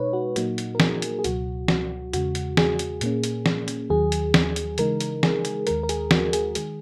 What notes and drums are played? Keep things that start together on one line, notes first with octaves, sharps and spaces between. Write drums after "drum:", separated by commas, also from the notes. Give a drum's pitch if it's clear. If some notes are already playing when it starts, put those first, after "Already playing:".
Already playing: B2 G#3 D#4 B4 C#5
F#4
A#2 F#3 A#3 D#4 F#4, drum: hi-hat
drum: hi-hat
A#4
G#4, drum: snare
drum: hi-hat
G#4
C#2 B2 F#3 F#4, drum: hi-hat
F#4, drum: snare
E2 C#3 G#3 F#4, drum: hi-hat
drum: hi-hat
G#4, drum: snare
drum: hi-hat
A#2 A#3 C#4, drum: hi-hat
drum: hi-hat
drum: snare
drum: hi-hat
D#2 D#3 F#3 G#4
drum: hi-hat
drum: snare
drum: hi-hat
C#3 E3 G#3 D#4 A#4, drum: hi-hat
drum: hi-hat
G#4, drum: snare
drum: hi-hat
D#2 D#3 G#3 A#4, drum: hi-hat
A#4
G#4, drum: hi-hat
F#4, drum: snare
G#4, drum: hi-hat
D#3 G#3 G#4, drum: hi-hat